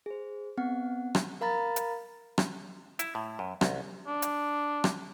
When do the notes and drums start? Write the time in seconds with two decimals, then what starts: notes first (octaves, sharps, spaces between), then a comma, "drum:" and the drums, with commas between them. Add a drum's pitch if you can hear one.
0.06 G#4 C5
0.57 B3 C4 F#5
1.15 drum: rim click
1.41 A#4 F5 A#5 B5 A6
1.76 drum: hi-hat
2.38 drum: rim click
2.99 E4, drum: hi-hat
3.15 A2
3.39 F#2
3.61 C2, drum: rim click
4.07 D4
4.22 drum: hi-hat
4.84 drum: rim click